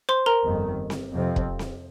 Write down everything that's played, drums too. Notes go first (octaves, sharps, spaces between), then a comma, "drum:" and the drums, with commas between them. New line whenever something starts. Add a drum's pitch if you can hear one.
C5 C6
A#4 A#5
G1 F2 D#3
drum: snare C4
F2 C3 F3 C4
drum: kick
drum: snare C4